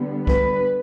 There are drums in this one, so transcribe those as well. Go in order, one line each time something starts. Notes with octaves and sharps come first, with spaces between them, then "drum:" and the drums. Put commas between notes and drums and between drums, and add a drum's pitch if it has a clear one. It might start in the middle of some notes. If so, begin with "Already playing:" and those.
Already playing: D3 G3 B3
B4, drum: kick C2